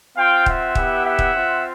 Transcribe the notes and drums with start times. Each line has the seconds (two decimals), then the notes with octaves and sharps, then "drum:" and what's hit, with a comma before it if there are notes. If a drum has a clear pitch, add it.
0.17 C4 F4 F5 G5
0.46 E5 F#5, drum: kick
0.75 B3 E4 G4, drum: kick
1.04 E5 F#5
1.19 drum: kick
1.33 C4 F4